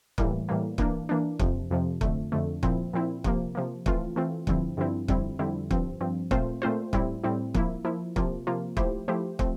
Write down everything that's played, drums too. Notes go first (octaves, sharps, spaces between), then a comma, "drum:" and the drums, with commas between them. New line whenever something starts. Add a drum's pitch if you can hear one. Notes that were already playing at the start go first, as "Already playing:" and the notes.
A2 E3 G3 A#3, drum: kick
A2 E3 G3 A#3
E3 A#3 D4, drum: kick
E3 A#3 D4
F2 C3 F3, drum: kick
F2 C3 F3
F2 D3 A3, drum: kick
F2 D3 A3
A#2 F3 C4 E4, drum: kick
A#2 F3 C4 E4
C3 F3 A#3, drum: kick
C3 F3 A#3
E3 A3 C4 F4, drum: kick
E3 A3 C4 F4
G2 D3 F3 C4 E4, drum: kick
G2 D3 F3 C4 E4
F2 D3 G3 C4 E4, drum: kick
F2 D3 G3 C4 E4
G2 F3 C4, drum: kick
G2 F3 C4
A#2 A3 C4 F4 C5, drum: kick
A#2 A3 C4 F4 C5
A2 G3 C4 E4, drum: kick
A2 G3 C4 E4
F3 A#3 E4, drum: kick
F3 A#3 E4
C3 F3 A#3 F4, drum: kick
C3 F3 A#3 F4
F3 A3 E4 G4 C5, drum: kick
F3 A3 E4 G4 C5
F3 A3 C4, drum: kick